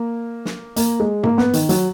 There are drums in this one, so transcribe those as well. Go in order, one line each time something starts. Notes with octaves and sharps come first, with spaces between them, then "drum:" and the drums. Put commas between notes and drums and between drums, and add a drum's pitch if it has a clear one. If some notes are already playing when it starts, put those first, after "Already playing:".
Already playing: A#3
drum: snare
A#3, drum: hi-hat
G#3
A#3, drum: tom G#2
B3, drum: snare
D#3, drum: hi-hat
F#3, drum: hi-hat